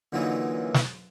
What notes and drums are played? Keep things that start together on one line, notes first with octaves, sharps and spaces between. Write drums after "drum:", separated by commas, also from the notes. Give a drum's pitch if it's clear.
A#2 D3 E3 F#3 D#4
drum: snare